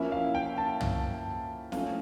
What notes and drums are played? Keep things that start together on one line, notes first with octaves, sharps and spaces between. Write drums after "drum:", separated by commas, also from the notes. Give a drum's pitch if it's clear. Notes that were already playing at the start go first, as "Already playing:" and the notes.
Already playing: F3 A#3 C#4 E4 E5
F5
G5
A5
drum: tom
F3 A3 C#4 E4 F5, drum: snare